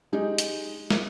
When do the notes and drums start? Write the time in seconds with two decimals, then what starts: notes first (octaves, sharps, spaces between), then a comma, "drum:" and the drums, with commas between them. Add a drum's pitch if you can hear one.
0.12 G#3 D#4 G4 G#4
0.38 drum: hi-hat
0.90 drum: snare